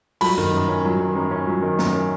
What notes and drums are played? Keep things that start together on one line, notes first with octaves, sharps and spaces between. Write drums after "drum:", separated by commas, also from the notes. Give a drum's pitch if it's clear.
F#3 B5, drum: cymbal
D#3, drum: tom F#2
F#2
C#4
F#3
D#3
F#2
C#4
F#3
D#3
F#2, drum: snare
C#4